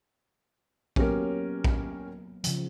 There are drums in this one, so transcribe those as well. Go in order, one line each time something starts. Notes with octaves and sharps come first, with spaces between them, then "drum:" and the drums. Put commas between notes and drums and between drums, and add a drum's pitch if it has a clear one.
F#3 A#3 B3 C#4 G4 A#4, drum: kick A#1
drum: kick A#1
C#3 F3, drum: hi-hat